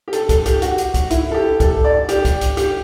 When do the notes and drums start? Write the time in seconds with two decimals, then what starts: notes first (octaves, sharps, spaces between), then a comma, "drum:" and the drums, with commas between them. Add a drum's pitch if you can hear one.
0.08 G4
0.13 A4, drum: hi-hat
0.29 A4, drum: kick, hi-hat
0.46 G4, drum: hi-hat
0.62 F#4, drum: hi-hat
0.78 drum: hi-hat
0.94 drum: kick, hi-hat
1.10 E4, drum: hi-hat
1.31 A4
1.34 G4
1.60 A4, drum: kick, hi-hat
1.84 D5
2.09 G4, drum: hi-hat
2.25 drum: kick, hi-hat
2.41 drum: hi-hat
2.57 G4, drum: hi-hat